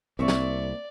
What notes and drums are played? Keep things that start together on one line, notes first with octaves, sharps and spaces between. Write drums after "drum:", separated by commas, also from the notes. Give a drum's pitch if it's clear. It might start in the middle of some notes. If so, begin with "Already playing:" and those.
C2 A#3 C4 D5 E5 C#6
drum: snare